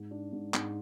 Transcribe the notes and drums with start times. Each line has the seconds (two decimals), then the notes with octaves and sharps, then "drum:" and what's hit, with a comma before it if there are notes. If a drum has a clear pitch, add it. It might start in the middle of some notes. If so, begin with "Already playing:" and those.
Already playing: G#2
0.11 D4
0.32 G#2
0.54 G#2, drum: clap